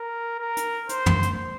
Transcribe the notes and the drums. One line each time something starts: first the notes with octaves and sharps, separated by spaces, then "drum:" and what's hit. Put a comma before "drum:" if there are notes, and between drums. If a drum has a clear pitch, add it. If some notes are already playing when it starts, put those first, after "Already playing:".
Already playing: A#4
A#4
drum: hi-hat
C5, drum: hi-hat
drum: tom
drum: hi-hat